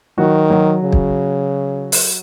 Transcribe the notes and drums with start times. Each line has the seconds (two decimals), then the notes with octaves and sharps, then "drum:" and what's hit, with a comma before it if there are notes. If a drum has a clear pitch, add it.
0.18 D#3 F#3 F#4
0.50 F#3 F#4
0.83 C#3
0.92 drum: kick
1.92 drum: open hi-hat